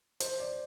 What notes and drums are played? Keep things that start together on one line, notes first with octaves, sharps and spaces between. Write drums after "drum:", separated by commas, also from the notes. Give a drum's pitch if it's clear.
C5, drum: hi-hat
D5